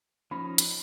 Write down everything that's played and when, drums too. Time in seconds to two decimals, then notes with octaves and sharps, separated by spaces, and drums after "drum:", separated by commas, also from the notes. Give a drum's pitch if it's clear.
0.31 F3 C#4 D#4 B5
0.58 drum: hi-hat